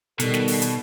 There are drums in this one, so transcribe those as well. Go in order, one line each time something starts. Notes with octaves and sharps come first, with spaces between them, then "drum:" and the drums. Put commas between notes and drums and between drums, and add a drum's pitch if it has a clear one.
B2 D#3 G3 A4, drum: hi-hat
drum: snare
drum: open hi-hat
drum: hi-hat